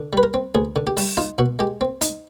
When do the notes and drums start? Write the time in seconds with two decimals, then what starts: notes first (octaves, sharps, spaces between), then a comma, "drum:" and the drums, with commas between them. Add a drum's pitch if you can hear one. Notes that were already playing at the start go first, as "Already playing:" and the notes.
Already playing: D3
0.13 G3 B4
0.23 A#4
0.34 C4
0.55 D2 G#4
0.76 D3
0.87 G4
0.97 G3, drum: open hi-hat
1.17 D#4 F4
1.38 B2 F#4
1.59 G#3 G4
1.81 C4
2.01 D#4, drum: hi-hat